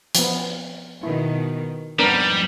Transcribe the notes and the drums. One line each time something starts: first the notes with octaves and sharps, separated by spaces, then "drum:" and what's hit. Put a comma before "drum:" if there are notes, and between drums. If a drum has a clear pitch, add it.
F3 B3, drum: hi-hat
B2 D#3 E4
F2 G#2 G3 B3 D4 A#4